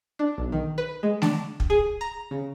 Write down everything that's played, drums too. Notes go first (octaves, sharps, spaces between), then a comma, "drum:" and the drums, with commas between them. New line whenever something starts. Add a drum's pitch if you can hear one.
D4
B1
D#3
B4
G#3
D4, drum: snare A3
drum: kick
G#4
A#5
C#3